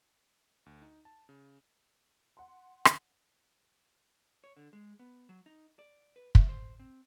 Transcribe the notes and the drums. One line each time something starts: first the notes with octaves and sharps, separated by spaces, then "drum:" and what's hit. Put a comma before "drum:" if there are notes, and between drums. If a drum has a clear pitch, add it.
D2
D#4
A5
C#3
F#5 C6
drum: rim click
C#5
D3
G#3
B3
F#3
D#4
D5
B4
E5, drum: kick
C5
C4